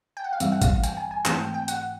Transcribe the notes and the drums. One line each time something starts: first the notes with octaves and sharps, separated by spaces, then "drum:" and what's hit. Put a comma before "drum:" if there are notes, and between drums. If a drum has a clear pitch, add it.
G5
F#5
F5
G2 E3 G3 C4 E5, drum: hi-hat
F#5
F5, drum: kick G#1, hi-hat
G5, drum: hi-hat
G#5
G#5
G#2 E3 A3 C4 A5, drum: clap
G5
G5
F#5, drum: hi-hat